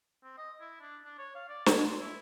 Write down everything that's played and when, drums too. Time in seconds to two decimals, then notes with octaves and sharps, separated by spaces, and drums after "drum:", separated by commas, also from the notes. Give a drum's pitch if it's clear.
0.23 C4
0.38 D#5
0.60 E4
0.81 D4
1.05 D4
1.19 C#5
1.35 F5
1.49 D5
1.66 G#4, drum: snare
1.86 C6
2.00 E4